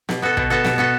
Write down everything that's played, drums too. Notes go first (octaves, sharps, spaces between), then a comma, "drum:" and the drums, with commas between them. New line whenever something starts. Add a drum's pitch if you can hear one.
B2, drum: snare
B3 F#4 A4
B2, drum: kick
B3 F#4 A4
B2, drum: snare
B3 F#4 A4